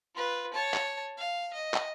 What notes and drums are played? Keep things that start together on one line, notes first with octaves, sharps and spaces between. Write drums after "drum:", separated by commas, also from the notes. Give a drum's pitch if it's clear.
F4 B4
C#5 A5
drum: clap
F5
D#5
drum: clap